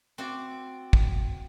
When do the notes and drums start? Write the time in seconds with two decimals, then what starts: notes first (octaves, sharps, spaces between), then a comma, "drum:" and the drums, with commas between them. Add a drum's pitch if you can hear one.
0.18 C4 F#4 C5 D5 E5 F#5
0.93 drum: kick